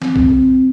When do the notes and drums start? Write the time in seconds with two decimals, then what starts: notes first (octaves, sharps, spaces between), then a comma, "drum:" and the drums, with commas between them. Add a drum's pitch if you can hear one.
0.02 C4, drum: snare
0.16 drum: kick B1